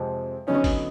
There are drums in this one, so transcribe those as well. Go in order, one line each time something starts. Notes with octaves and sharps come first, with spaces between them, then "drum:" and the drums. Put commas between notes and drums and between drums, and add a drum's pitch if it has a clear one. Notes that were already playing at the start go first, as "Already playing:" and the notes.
Already playing: F2 C3 F3 G#3 C4
D3 F#3 B3 C#4 D#4
drum: kick, open hi-hat